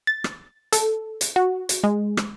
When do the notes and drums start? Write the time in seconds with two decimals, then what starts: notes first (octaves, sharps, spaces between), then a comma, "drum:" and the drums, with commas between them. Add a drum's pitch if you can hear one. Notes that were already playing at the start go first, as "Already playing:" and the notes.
0.07 A6
0.24 drum: rim click
0.72 A4, drum: hi-hat
1.21 drum: hi-hat
1.36 F#4
1.69 drum: hi-hat
1.84 G#3
2.17 drum: rim click